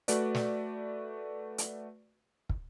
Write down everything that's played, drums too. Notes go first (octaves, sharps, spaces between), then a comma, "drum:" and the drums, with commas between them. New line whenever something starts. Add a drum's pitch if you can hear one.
A3 F#4 B4 D5, drum: hi-hat
drum: snare
drum: hi-hat
drum: kick